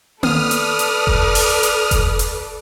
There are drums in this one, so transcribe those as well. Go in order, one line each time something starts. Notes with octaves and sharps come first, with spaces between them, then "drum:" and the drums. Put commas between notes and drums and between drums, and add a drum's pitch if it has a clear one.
A4 B4 D5 D#6 F6, drum: tom A#3
drum: hi-hat
drum: hi-hat
drum: kick F1
drum: open hi-hat
drum: hi-hat
drum: kick F1, hi-hat
drum: hi-hat